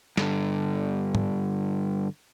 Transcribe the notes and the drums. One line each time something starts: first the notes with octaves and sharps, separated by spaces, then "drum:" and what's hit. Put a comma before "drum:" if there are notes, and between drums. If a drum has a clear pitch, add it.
G2 D3, drum: snare
drum: tom